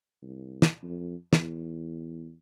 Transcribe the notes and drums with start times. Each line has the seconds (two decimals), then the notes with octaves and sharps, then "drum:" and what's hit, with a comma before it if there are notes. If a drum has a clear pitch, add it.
0.23 C2
0.62 drum: snare
0.83 F2
1.33 E2, drum: snare